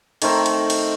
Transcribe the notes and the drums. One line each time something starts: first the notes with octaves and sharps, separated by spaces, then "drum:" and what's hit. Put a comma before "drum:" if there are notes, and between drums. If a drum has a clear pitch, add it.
D#3 A3 C4 A#4, drum: cymbal
drum: cymbal
drum: cymbal